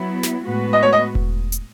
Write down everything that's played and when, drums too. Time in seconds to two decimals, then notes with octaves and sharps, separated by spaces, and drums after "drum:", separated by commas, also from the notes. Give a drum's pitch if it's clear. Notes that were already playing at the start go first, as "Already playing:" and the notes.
Already playing: F#3 B3 E4
0.23 drum: snare
0.44 A2 G#3 B3 F#4 B4
0.73 D#5
0.83 C#5
0.93 D#5
1.15 drum: kick E1
1.52 drum: hi-hat